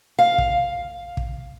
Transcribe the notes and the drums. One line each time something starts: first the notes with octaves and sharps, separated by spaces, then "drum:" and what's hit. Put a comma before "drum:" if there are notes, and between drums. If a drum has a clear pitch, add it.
F5
drum: kick
drum: kick